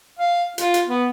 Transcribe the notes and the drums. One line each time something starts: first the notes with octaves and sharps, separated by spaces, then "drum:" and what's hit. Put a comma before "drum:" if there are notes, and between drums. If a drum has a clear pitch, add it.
F5
F4, drum: hi-hat
drum: hi-hat
B3